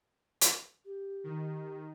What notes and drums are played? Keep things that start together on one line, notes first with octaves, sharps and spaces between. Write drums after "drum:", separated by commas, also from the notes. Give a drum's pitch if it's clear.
drum: hi-hat
G4
D#3